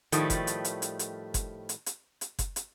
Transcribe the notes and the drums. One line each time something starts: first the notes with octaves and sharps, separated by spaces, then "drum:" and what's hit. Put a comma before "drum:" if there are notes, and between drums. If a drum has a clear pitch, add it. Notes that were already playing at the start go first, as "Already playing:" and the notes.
A2 D#3 F3 G3 A3, drum: hi-hat
drum: kick F#1, hi-hat
drum: hi-hat
drum: hi-hat
drum: hi-hat
drum: hi-hat
drum: kick F#1, hi-hat
drum: hi-hat
drum: hi-hat
drum: hi-hat
drum: kick F#1, hi-hat
drum: hi-hat